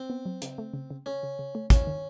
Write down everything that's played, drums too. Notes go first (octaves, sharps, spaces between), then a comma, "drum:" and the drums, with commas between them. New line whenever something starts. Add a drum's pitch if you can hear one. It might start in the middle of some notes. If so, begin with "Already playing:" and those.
Already playing: C4
B3
F#3
C#3, drum: hi-hat
A3
C#3
C#3
C#3 C#4
C#3
C#3
A3
D#2 C#4, drum: kick, hi-hat
D#3